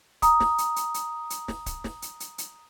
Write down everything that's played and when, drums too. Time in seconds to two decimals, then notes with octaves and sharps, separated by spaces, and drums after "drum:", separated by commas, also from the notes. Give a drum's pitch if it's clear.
0.22 A#5 D#6, drum: kick C#1, hi-hat
0.40 drum: snare
0.58 drum: hi-hat
0.76 drum: hi-hat
0.94 drum: hi-hat
1.30 drum: hi-hat
1.48 drum: snare
1.66 drum: kick C#1, hi-hat
1.84 drum: snare
2.02 drum: hi-hat
2.20 drum: hi-hat
2.38 drum: hi-hat